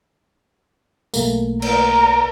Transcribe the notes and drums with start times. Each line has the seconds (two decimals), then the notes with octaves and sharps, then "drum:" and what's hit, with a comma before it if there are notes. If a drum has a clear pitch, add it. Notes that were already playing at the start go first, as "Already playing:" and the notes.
1.14 B1 A3 A#3, drum: tambourine
1.62 A#4, drum: cymbal